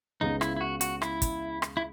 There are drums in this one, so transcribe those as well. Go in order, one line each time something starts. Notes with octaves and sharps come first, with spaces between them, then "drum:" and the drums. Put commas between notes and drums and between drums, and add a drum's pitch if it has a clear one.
C#2 C#3 G#3 B3 D#4
E4, drum: rim click
E4
F#4
F#4, drum: hi-hat
E4, drum: rim click
drum: kick, hi-hat
drum: rim click
E4